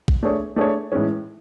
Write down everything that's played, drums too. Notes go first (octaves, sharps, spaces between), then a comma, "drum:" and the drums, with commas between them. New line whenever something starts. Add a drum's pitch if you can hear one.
drum: kick A#1
A3 D4 G#4 C#5
A3 D4 G#4 C#5
A2 E3 G#3 C#4